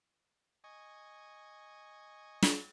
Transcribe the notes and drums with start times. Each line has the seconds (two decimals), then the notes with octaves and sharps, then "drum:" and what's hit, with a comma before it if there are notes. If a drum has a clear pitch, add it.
0.64 D#5 G#5 C#6
2.42 drum: snare